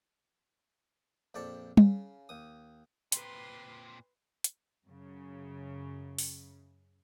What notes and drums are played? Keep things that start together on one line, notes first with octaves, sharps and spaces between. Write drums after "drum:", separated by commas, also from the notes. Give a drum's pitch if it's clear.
A#1 F2 D5 G5 A5 C#6
C#3, drum: tom G3
D#2 D#6
A#2 C4 B4 C6, drum: hi-hat
drum: hi-hat
F#2 C#3
drum: open hi-hat